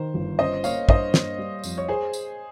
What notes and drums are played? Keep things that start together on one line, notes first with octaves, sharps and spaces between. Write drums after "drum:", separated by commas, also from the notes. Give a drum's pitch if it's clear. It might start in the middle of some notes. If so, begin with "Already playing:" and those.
Already playing: D#3 C5
G1
C#4 C5 D#5
A#3 C#5 F5, drum: tambourine
G2 C5 D#5, drum: kick
A#3, drum: snare
G3
F2, drum: tambourine
C#5
G#4 C5
drum: tambourine